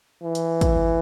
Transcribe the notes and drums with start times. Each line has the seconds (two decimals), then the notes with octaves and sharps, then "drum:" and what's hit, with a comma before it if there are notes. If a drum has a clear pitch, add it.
0.23 E3
0.35 drum: hi-hat
0.61 drum: kick, hi-hat